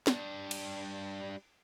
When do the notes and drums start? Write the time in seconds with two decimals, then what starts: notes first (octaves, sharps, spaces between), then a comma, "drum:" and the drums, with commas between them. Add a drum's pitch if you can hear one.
0.07 G3 D4, drum: snare
0.51 drum: cymbal